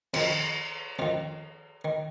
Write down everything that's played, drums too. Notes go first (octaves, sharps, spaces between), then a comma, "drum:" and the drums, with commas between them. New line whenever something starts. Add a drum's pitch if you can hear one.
F2 D#3, drum: cymbal
F2 D#3 F4
D#3